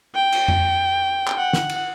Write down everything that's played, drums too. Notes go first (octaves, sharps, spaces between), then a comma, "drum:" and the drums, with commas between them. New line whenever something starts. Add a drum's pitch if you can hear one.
G5
drum: cymbal
drum: tom F2
drum: clap
F#5
drum: snare
drum: cymbal